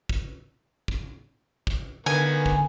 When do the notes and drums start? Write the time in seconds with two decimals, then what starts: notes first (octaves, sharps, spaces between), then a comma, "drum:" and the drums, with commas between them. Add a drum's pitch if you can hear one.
0.09 drum: kick
0.88 drum: kick
1.67 drum: kick
2.06 D3 D#3 A#3 B3 G#5
2.46 drum: kick